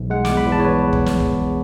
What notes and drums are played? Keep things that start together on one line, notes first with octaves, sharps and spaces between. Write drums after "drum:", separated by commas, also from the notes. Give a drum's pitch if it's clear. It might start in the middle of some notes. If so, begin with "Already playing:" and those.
Already playing: B1
G#3 F#5
E2 D6, drum: snare
B5
E2
A5
C#5
B4
drum: kick
drum: snare
drum: kick